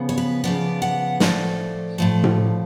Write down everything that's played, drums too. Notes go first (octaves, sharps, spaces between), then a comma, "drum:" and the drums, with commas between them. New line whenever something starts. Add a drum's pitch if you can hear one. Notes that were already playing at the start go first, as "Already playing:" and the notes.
Already playing: C#3 F3 B3
C#5
B4
C#3 F3 B3 D5
F#5
A2 F3 A3 D5, drum: snare
A2 F3 A3
drum: tom A2